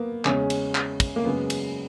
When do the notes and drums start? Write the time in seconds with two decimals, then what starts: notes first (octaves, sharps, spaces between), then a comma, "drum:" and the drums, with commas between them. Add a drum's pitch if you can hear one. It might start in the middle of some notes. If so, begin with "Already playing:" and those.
Already playing: A#3 B3
0.25 E2 C#3 G#3 C#4, drum: clap
0.50 drum: cymbal
0.75 drum: clap
1.00 drum: kick, cymbal
1.16 A#3
1.25 F#2 C#3 G#3 B3
1.50 drum: cymbal